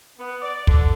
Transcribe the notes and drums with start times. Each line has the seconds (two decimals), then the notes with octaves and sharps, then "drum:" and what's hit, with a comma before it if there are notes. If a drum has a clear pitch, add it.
0.19 B3
0.42 D5
0.67 D3, drum: kick